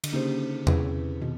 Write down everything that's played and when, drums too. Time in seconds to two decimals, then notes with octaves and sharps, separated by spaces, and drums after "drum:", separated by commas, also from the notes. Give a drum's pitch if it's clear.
0.04 D3, drum: cymbal
0.13 C#3 A#3 D#4 G4 C5
0.67 C3 C#4 E4 G#4 B4, drum: tom E2
1.21 B2 D#3